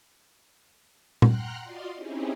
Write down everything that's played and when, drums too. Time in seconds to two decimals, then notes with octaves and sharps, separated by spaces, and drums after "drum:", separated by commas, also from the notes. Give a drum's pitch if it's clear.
1.22 F#5 G5 A#5 C6 F6 F#6, drum: tom A#2
1.64 F4 F#4 D5 D#5 F5 C6
1.95 C4 C#4 D#4 E4 G4 G#4